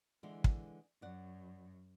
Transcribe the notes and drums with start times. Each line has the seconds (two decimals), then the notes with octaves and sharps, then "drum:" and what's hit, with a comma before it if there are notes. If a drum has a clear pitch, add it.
0.23 D3 E3 G#3
0.44 drum: kick
1.02 F#2 D5 F#5